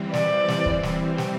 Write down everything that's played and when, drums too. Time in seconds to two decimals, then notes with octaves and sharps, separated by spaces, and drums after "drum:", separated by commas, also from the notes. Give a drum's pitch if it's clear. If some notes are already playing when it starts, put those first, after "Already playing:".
Already playing: E3 G3 C4
0.14 D5, drum: snare
0.48 drum: snare
0.66 drum: kick
0.83 drum: snare
1.18 drum: snare